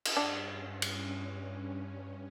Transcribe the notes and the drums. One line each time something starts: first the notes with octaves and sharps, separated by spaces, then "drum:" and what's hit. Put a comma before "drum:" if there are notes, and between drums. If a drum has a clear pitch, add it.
drum: cymbal
G2 C#4 D4
drum: cymbal